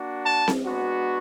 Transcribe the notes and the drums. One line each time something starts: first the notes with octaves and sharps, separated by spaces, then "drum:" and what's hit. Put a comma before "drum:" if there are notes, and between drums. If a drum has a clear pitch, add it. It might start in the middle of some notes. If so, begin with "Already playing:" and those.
Already playing: A#3 D4 F#4
A5
drum: snare C4
G#3 B3 D4 F#4